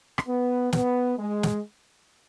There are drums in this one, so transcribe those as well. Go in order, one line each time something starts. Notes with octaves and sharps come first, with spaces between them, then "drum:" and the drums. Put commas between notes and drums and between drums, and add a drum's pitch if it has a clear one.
drum: rim click
B3
B3, drum: snare
G#3
drum: snare